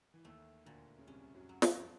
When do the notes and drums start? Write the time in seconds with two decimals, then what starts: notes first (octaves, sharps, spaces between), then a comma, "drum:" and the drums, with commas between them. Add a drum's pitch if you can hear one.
0.14 E3
0.25 D#2 D#3 A3
0.66 D2 A#2 D3
0.99 C#3
1.07 C2 C3 C#4
1.35 F#2 F#3
1.49 F#3
1.62 F2 F3, drum: snare
1.80 F3